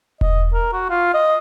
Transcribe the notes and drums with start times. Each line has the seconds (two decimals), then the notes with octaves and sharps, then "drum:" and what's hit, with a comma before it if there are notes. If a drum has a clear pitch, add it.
0.21 D#5, drum: kick E1
0.54 A#4
0.73 F#4
0.90 F4
1.14 D#5